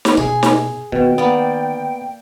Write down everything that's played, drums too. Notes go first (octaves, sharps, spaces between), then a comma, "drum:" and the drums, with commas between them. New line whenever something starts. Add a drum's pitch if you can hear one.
drum: snare
B2 G#4
drum: snare
B2 D#3 G5
A#3 B3 D5